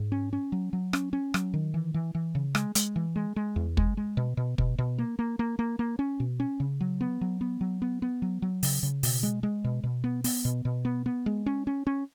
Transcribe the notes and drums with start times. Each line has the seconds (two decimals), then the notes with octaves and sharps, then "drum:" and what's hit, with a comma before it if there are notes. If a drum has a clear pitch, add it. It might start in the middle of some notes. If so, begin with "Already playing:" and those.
Already playing: G#2
0.12 C#4
0.33 C#4
0.52 F#3
0.73 F#3
0.93 C#4, drum: rim click
1.13 C#4
1.34 F#3, drum: rim click
1.54 D#3
1.74 E3
1.94 E3
2.15 E3
2.35 C#3
2.55 G#3, drum: rim click
2.75 G#3, drum: hi-hat
2.96 E3
3.16 G#3
3.36 G#3
3.56 E2
3.77 G#3, drum: kick
3.97 G#3
4.17 B2
4.37 B2
4.58 B2, drum: kick
4.78 B2
4.98 A#3
5.19 A#3
5.39 A#3
5.59 A#3
5.79 A#3
5.99 C#4
6.20 B2
6.40 C#4
6.60 C#3
6.81 F#3
7.01 B3
7.21 F#3
7.41 B3
7.61 F#3
7.82 B3
8.02 B3
8.22 F#3
8.42 F#3
8.63 C#3, drum: open hi-hat
8.83 C#3
9.03 B2, drum: open hi-hat
9.23 G#3
9.43 G#3
9.64 B2
9.84 B2
10.04 B3
10.24 B3, drum: open hi-hat
10.45 B2
10.65 B2
10.85 B3
11.06 B3
11.26 G#3
11.46 C#4
11.67 C#4
11.87 C#4